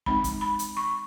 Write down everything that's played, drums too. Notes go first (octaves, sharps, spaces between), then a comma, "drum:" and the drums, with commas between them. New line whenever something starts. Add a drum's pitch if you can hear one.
G#3 C4 D#4 B5, drum: kick
drum: kick, hi-hat
B5
drum: hi-hat
C#6